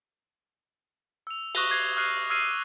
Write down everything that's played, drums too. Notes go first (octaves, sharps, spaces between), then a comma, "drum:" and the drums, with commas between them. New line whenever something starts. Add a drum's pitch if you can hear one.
E6 F7
C#6 D#6 F#6 A#6 D#7 G7, drum: cymbal
D6 F#6 G#6 C7 F7
D#6 F6 F#6 C7 D#7
E6 F6 G#6 C7 D#7